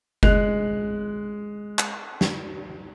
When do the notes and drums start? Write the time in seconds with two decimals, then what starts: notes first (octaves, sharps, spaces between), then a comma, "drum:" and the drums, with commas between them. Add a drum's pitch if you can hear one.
0.23 G#3 F#6 F7, drum: kick F#1
1.79 drum: clap
2.21 drum: snare